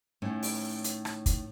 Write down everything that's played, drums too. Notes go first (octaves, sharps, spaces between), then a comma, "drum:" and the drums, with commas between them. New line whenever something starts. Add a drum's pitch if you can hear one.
A2 D#3 C#4
drum: open hi-hat
drum: hi-hat
drum: rim click
drum: kick, hi-hat